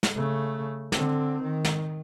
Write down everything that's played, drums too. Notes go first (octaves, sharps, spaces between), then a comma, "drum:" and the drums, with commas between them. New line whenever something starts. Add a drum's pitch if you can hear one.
drum: snare
C#3 A3
D3 C4, drum: snare
D#3
drum: snare